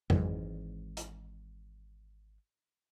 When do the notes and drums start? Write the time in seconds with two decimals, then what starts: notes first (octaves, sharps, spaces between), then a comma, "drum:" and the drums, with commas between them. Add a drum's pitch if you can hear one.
0.10 G#1 G#2 E3, drum: tom
0.97 drum: hi-hat